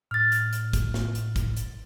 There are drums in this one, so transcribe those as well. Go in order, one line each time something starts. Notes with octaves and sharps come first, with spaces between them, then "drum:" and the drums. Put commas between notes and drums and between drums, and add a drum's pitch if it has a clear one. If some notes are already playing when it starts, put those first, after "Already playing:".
A2 F6 A6
drum: hi-hat
drum: hi-hat
drum: kick, hi-hat
drum: snare
drum: hi-hat
drum: kick, hi-hat
drum: hi-hat